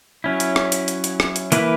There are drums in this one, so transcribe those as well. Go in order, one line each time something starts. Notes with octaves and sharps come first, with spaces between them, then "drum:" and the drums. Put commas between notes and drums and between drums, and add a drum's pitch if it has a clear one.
F#3 C#4 E4
drum: hi-hat
drum: rim click
drum: hi-hat
drum: hi-hat
drum: hi-hat
drum: rim click
drum: hi-hat
E3 A#3 E4 B4, drum: hi-hat